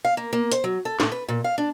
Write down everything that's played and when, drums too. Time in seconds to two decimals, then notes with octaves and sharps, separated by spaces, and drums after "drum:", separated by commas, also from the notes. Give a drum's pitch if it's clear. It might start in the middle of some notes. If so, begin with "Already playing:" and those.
0.05 F5
0.17 A#3
0.33 A#3
0.52 C5, drum: hi-hat
0.64 F#3
0.85 A4
1.00 A2, drum: snare
1.12 B4
1.28 A#2
1.44 F5
1.58 D4